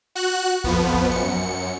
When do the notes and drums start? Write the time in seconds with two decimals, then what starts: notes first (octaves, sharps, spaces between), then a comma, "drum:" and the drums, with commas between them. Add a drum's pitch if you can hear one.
0.15 F#4 F#6
0.64 F2 F3 B3, drum: kick
0.94 drum: kick
1.11 F#2 C#7